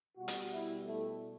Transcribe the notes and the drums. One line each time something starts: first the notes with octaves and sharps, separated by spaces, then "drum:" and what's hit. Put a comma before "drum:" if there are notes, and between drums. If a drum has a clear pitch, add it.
B2 G3 F#4
drum: hi-hat
E4
A3